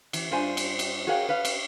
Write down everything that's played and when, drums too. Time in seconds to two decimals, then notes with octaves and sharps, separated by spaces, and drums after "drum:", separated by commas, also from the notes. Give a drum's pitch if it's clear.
0.13 E3, drum: cymbal
0.31 G2 D4 F4 C5 G#5
0.57 drum: cymbal
0.79 drum: cymbal
1.07 F#4 G#4 A#4 C#5 F5 G5
1.29 B4 F5
1.45 drum: cymbal